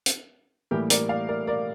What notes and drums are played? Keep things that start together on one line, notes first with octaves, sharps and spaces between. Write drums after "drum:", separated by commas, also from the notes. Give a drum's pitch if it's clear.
drum: hi-hat
A2 E3 G3 A#3 G4 A#4
A#4 D5, drum: hi-hat
D5 F5
A#4 D5
A#4 D5